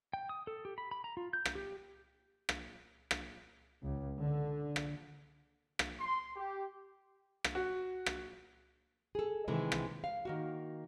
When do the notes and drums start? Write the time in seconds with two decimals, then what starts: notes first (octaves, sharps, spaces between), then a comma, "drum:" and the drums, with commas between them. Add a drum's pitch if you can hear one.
0.13 G5
0.29 D#6
0.47 A4
0.65 G4
0.78 B5
0.91 B5
1.04 A#5
1.17 F4
1.33 G6
1.45 drum: rim click
1.55 G4
2.49 drum: rim click
3.11 drum: rim click
3.81 C#2
4.18 D3
4.76 drum: rim click
5.79 drum: rim click
6.00 C6
6.36 G4
7.44 drum: rim click
7.55 F#4
8.06 drum: rim click
9.15 G#4 A4
9.48 C3 D#3 E3 G#3
9.72 drum: rim click
10.04 F5
10.25 D#3 A#3 F#4